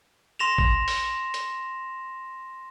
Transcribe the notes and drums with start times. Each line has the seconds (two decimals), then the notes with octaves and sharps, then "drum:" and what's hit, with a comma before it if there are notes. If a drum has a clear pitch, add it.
0.39 C6 A#6 E7 F7
0.58 drum: kick
0.88 drum: open hi-hat
1.34 drum: hi-hat